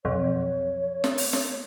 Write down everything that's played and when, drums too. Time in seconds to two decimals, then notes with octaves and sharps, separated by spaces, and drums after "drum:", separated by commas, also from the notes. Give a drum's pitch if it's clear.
0.05 B1 F2 C#5
1.04 drum: snare
1.18 drum: open hi-hat
1.33 drum: snare